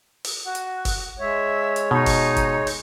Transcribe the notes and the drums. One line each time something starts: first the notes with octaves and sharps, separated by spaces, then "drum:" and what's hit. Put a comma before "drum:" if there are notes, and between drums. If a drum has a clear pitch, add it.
drum: open hi-hat
F#4
drum: hi-hat
drum: kick F#1, open hi-hat
G#3 C#5 E5
drum: hi-hat
B2 D#4
drum: kick F#1, open hi-hat
drum: kick F#1, hi-hat
drum: open hi-hat